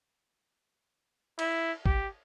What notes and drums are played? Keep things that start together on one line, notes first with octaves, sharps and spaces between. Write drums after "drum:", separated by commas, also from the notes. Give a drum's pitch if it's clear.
E4, drum: cymbal
G4, drum: kick